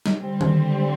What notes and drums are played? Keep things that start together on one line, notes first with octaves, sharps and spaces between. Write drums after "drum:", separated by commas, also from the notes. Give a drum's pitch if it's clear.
drum: snare
D3 G3 C4
drum: tom D#3